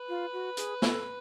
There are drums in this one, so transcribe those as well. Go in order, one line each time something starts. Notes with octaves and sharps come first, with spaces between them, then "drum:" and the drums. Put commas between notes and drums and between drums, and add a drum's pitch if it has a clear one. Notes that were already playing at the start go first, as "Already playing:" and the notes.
Already playing: B4
F4
F#4
G#4, drum: hi-hat
A4, drum: snare